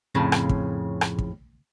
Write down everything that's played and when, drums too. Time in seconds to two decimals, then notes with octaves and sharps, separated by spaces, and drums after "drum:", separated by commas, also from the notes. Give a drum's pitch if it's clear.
0.15 F2 A2 C#3
0.32 drum: rim click
0.49 drum: kick
1.01 drum: rim click
1.19 drum: kick